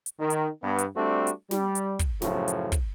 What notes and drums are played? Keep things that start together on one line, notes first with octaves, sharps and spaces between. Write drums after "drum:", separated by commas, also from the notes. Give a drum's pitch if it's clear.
drum: hi-hat
D#3
drum: hi-hat
G2 B3
drum: hi-hat
G3 A3 C4 D4 F#4
drum: hi-hat
G3, drum: snare
drum: hi-hat
drum: kick, hi-hat
F#2 A2 C#3 F3 F#3, drum: snare
drum: hi-hat
drum: kick, hi-hat